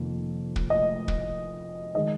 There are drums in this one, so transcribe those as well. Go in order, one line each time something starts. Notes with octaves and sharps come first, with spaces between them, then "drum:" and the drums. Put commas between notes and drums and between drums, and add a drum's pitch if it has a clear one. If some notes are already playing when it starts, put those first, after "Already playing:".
Already playing: F1 F2 D#3 A#3
drum: kick
D#5
drum: kick
D#3 G#3 D#5